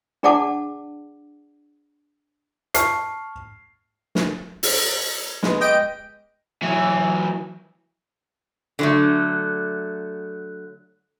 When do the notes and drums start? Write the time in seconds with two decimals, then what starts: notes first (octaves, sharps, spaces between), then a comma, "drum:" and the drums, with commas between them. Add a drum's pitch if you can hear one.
0.23 D4 G#4 D5 F#5 A5 D6
2.74 A5 C#6 F6 C7, drum: hi-hat
4.15 drum: snare
4.63 drum: open hi-hat
5.43 G#3 B3, drum: snare
5.61 G4 D#5 G5 D7
6.62 E3 F#3
8.79 D3 F#3 A3